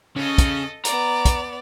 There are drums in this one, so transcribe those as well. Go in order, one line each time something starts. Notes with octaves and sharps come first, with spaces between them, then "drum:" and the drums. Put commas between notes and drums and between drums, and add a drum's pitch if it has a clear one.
C#3 A4 D#5
drum: kick, hi-hat
B3 D5 A#5, drum: hi-hat
drum: kick, hi-hat